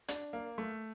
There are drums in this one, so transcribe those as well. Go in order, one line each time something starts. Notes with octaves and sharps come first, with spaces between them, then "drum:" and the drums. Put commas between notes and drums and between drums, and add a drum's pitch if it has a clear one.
D4, drum: hi-hat
A#3
A3